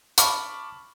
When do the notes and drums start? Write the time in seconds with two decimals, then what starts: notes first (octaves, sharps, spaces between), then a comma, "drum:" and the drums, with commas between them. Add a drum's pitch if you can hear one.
0.18 A5 B5 C#6 D6 F6, drum: hi-hat